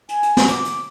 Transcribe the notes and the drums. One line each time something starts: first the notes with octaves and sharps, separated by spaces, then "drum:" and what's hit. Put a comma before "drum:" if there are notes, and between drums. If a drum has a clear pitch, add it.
G#5, drum: hi-hat
drum: hi-hat
drum: snare
D6, drum: hi-hat
drum: hi-hat